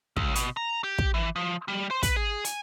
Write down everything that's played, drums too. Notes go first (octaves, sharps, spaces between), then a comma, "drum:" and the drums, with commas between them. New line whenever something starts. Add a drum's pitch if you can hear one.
C#2, drum: kick
B2, drum: hi-hat
A#5
G4
drum: kick
E3
F3
G3
C5
B4, drum: kick, hi-hat
G#4
G#5, drum: hi-hat